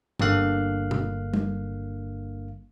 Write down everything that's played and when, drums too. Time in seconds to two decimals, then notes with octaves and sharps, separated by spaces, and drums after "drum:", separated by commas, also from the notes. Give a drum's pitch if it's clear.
0.19 G1 G2 D3 A#3 F5 F#6, drum: tom G2
0.91 drum: tom B2
1.34 drum: tom